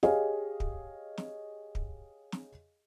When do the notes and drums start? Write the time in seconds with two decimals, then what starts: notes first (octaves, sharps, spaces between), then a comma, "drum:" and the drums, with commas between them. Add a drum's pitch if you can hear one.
0.03 G4 G#4 C#5 D#5 F5 G#5, drum: snare
0.60 drum: kick
1.18 drum: snare
1.75 drum: kick
2.32 drum: snare